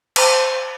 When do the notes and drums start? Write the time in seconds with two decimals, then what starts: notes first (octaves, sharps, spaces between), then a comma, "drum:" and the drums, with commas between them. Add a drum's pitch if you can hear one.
0.16 C5, drum: cymbal